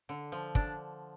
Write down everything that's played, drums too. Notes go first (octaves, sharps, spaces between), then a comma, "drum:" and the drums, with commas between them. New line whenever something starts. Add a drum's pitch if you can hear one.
D3
F3
D4, drum: kick